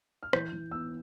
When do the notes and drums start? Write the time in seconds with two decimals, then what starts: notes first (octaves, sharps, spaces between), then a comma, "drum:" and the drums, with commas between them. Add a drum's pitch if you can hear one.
0.23 F6
0.33 E3 G6, drum: rim click
0.52 E3
0.71 B3 E6